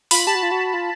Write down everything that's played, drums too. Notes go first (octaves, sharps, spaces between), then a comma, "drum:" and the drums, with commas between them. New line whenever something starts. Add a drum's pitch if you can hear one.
F4 B5, drum: open hi-hat
G4 A5
F#4
F4
F#4
F4